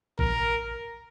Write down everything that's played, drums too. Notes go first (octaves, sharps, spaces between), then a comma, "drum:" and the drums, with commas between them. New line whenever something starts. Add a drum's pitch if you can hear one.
A#4, drum: kick A1